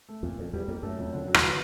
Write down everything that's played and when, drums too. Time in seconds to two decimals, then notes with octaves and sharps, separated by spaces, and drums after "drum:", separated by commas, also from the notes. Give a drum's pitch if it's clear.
0.09 A3
0.23 F2 A#2
0.39 F2 A#2
0.53 E2 G3
0.68 F2 A#3
0.83 F#2 A3
0.98 F2
1.13 D3
1.28 F#3
1.34 E2, drum: rim click
1.42 E3